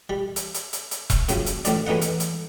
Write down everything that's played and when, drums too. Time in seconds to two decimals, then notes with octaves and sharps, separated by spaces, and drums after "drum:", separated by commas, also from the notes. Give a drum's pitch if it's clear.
0.10 G3
0.36 drum: hi-hat
0.55 drum: hi-hat
0.73 drum: hi-hat
0.91 drum: hi-hat
1.10 drum: kick E1, hi-hat
1.29 F#2 A#2 C#3, drum: hi-hat
1.46 drum: hi-hat
1.65 A1 A2 D5, drum: hi-hat
1.87 E2 A2 B3 D#4 F#5
2.02 drum: hi-hat
2.20 drum: hi-hat